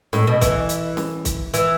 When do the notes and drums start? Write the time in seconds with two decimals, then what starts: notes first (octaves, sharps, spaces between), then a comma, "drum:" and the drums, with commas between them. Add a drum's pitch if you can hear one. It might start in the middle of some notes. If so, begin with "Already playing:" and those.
0.13 A2, drum: snare C#4
0.27 B2
0.41 E3, drum: kick, hi-hat
0.69 drum: hi-hat
0.97 drum: snare C#4
1.25 drum: kick, hi-hat
1.54 E3, drum: hi-hat